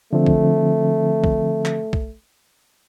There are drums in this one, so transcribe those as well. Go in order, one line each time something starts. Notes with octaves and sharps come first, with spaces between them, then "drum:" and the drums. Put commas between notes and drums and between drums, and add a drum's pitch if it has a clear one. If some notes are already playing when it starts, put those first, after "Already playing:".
D3 F3 A3 C4
drum: kick
drum: kick
drum: clap
drum: kick